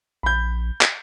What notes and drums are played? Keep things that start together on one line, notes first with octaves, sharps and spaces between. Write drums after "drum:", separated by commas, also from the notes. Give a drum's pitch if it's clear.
A#1 B5 G6
drum: clap